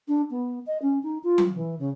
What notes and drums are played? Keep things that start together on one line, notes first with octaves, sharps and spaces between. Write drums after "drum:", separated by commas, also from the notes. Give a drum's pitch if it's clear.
D4
B3
D#5
C#4
D#4
F4
drum: tom F#3
E3
C#3